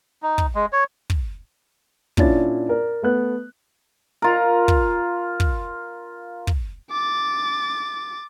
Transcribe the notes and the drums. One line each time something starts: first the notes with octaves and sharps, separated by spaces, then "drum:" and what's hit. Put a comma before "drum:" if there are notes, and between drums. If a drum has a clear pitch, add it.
D#4
drum: kick
G#3
C#5
drum: kick
A#2 C#4 D4 E4 A6, drum: kick
A#4 D5
A3 B3 F#6
F4 A#4
drum: kick
drum: kick
drum: kick
D6 A6